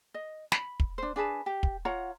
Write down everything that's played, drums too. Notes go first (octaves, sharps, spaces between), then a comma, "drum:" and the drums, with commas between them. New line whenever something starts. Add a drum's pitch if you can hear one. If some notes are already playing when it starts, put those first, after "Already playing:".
D#5
B5, drum: snare
drum: kick
D4 C5
D4 G#4 B4 A5
G4
drum: kick
F4 C#5 F#5 A#5